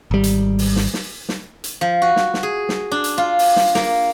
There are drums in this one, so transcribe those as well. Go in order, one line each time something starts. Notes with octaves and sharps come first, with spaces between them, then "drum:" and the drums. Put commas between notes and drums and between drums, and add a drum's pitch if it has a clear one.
G#1 G3
drum: hi-hat
drum: open hi-hat
drum: snare
drum: snare
drum: snare
drum: hi-hat
F3
F#4
drum: snare
drum: snare
G#4
drum: snare
D4
drum: hi-hat
F4
drum: open hi-hat
drum: snare
A#3, drum: snare